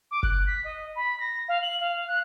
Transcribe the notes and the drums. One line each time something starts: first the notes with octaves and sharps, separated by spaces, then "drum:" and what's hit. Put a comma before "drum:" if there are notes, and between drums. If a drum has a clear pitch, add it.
D6
F#6, drum: kick F#1
B6
D#5
B5
A#6
F5
F#7
F5
F#6